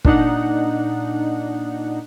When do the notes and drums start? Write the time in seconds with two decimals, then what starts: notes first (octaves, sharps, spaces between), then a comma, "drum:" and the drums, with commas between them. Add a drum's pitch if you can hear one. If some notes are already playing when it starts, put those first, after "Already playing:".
0.05 A#2 D4 D#4 F#5, drum: kick